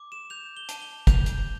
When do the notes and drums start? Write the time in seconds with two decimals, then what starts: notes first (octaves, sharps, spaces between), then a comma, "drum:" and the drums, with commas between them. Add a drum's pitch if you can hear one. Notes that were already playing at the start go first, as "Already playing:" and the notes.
Already playing: D6
0.12 E7
0.30 G6 F7
0.57 G7
0.69 A5, drum: hi-hat
0.82 G7
1.07 G6 F7, drum: kick, hi-hat
1.26 drum: hi-hat